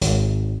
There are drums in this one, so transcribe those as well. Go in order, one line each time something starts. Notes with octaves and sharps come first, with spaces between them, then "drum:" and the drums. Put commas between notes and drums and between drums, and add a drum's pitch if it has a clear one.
G#1, drum: hi-hat